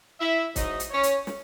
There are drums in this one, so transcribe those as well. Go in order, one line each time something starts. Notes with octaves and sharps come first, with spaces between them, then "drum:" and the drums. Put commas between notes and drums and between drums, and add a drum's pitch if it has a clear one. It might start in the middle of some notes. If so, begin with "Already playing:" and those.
E4 E5
G#2 F#3 D#4 D#5, drum: kick, hi-hat
drum: hi-hat
C#4 C#5
drum: hi-hat
drum: snare